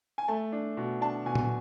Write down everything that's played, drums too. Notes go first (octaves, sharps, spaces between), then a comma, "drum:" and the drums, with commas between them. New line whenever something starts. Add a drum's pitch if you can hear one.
G#5
A3 A5
D4
B2
D4 A5
B2 G#5
drum: tom A#2